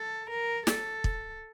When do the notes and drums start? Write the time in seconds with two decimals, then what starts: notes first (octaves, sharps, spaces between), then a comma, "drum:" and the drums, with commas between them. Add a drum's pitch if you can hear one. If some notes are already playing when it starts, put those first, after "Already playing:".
Already playing: A4
0.30 A#4
0.67 A4, drum: snare
1.04 drum: kick